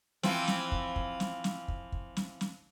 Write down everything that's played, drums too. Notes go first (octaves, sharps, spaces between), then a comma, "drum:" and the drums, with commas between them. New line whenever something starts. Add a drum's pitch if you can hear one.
E3 F3 C4, drum: snare
drum: snare
drum: kick
drum: kick
drum: snare
drum: snare
drum: kick
drum: kick
drum: snare
drum: snare